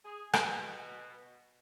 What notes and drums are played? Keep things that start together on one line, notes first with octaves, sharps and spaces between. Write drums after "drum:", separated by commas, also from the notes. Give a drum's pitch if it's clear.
G#4
B2, drum: rim click